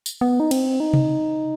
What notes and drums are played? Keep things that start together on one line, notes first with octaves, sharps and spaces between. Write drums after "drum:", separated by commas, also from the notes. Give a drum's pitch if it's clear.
drum: tambourine
B3
D#4
C4, drum: cymbal
D#4
drum: tom C3